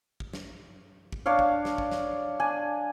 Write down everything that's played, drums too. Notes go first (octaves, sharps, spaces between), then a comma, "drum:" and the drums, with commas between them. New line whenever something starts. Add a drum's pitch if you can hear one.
drum: kick
drum: snare
drum: kick
D4 C#5 D5 F5
drum: kick
drum: snare
drum: kick
drum: snare
D4 G#5